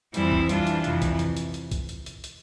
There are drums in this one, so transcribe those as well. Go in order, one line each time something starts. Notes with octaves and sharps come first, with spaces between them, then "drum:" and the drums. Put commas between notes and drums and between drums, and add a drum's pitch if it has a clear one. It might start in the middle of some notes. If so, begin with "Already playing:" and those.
F2 E3 G3 C4 E4, drum: hi-hat
drum: kick A#1
E3 G3 D4 F4, drum: hi-hat
drum: hi-hat
F2 C3 E3, drum: hi-hat
drum: kick A#1, hi-hat
drum: hi-hat
drum: hi-hat
drum: hi-hat
drum: kick A#1, hi-hat
drum: hi-hat
drum: hi-hat
drum: hi-hat